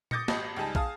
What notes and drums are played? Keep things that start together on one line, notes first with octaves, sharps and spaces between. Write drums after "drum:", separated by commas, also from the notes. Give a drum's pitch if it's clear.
D6 D#6 G6 A6 A#6 C#7, drum: tom
G#1 G4 D#5 A5 B5 A#6, drum: snare
C#2 G3 D#4 G#5 A5
G#4 F5 A5 D#6, drum: kick